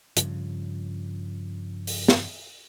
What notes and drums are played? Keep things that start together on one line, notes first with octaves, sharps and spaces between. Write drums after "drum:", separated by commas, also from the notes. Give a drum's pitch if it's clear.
G2 C#3 F3, drum: hi-hat
drum: open hi-hat
drum: snare